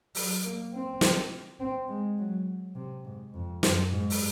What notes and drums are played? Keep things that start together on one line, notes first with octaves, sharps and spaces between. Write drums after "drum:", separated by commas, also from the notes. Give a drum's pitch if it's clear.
F#3, drum: open hi-hat
A#3
C4
drum: snare
C4
G#3
F#3
C3
G#2
F2
F#2, drum: snare
G#2
drum: open hi-hat